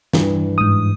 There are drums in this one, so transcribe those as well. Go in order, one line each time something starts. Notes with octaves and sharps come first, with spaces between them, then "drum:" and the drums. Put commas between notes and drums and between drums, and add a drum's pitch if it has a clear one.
G2 E3, drum: snare
G#2 D#6